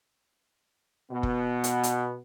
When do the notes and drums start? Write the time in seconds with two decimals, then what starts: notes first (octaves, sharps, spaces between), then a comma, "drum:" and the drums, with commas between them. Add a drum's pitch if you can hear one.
1.12 B2 B3
1.23 drum: kick
1.64 drum: hi-hat
1.83 drum: hi-hat